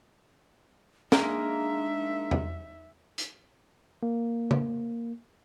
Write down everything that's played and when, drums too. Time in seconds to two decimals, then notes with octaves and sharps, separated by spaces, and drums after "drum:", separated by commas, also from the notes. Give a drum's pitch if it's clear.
1.12 G#3 A#3 D4 D#4 A#4 E5, drum: snare
2.31 drum: tom E2
3.18 drum: hi-hat
4.03 A#3
4.51 drum: tom C#3